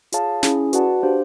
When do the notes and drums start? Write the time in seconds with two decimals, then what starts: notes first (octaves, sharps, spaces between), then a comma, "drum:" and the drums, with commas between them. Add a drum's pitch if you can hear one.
0.12 F4 G#4 C#5 F5 A5, drum: hi-hat
0.43 C#4 E4 G#4, drum: snare
0.73 F#4 B4 D5 F#5 A5, drum: hi-hat
1.03 D4 G4 C5 F5